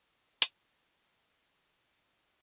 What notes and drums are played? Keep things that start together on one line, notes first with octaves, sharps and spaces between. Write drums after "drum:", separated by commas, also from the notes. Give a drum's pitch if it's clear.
F4
C#4, drum: hi-hat
F3
B4
G2
F#4
E5
B5